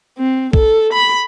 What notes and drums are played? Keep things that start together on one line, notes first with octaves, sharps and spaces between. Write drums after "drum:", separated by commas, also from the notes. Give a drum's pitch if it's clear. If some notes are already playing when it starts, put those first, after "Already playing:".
C4
A4, drum: kick
B5